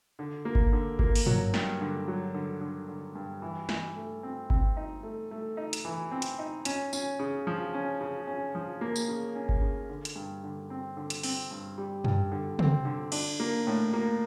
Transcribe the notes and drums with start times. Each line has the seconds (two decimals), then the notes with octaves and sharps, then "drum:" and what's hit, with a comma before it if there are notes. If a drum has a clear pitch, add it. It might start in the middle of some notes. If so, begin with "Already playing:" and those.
0.19 D3
0.45 A#3
0.55 drum: kick G1
0.73 D3
0.99 A#3, drum: kick G1
1.16 drum: open hi-hat
1.26 F#3, drum: tom
1.54 G2, drum: snare
1.81 D3
2.08 F#3
2.34 D3
2.61 D3
2.88 D3
3.15 G2
3.42 E3
3.69 E3, drum: snare
3.96 A3
4.23 C4
4.50 C4, drum: kick G1
4.77 D#4
5.03 A3
5.31 A3
5.57 D#4
5.73 drum: hi-hat
5.85 E3
6.11 C4
6.22 drum: hi-hat
6.39 D#4
6.65 C#4, drum: hi-hat
6.93 C#4, drum: tambourine
7.19 C#3
7.47 F3
7.74 C#4
8.01 C#3
8.27 C#4
8.55 F3
8.81 A#3
8.96 drum: tambourine
9.09 C#3
9.35 C#4
9.49 drum: kick G1
9.61 C#3
9.90 D3
10.05 drum: hi-hat
10.16 G2
10.43 D3
10.70 C4
10.97 D3
11.10 drum: hi-hat
11.23 C4, drum: open hi-hat
11.51 G2
11.78 G3
12.04 G2, drum: tom F#2
12.32 D3
12.59 C4, drum: tom
12.85 D3
13.12 D4, drum: cymbal
13.40 A#3
13.67 A2
13.93 A#3